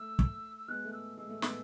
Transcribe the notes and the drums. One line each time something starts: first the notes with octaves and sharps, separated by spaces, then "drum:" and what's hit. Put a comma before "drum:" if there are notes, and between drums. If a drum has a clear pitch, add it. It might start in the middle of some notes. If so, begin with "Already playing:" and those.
Already playing: A3 E6
drum: kick
E6
G#3 B3 F#6
A3
E6
G#3 E6
A3
G#3 B3, drum: snare